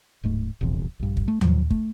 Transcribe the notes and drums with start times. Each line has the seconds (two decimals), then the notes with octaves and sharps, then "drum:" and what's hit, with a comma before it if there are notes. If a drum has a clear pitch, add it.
0.24 D1 G#2 A3
0.61 D#1 A#1 E2 C3
0.99 A#1 G2
1.17 drum: kick
1.28 A3
1.41 A2 D#3 F3 F#3, drum: tom D#2
1.70 A3, drum: kick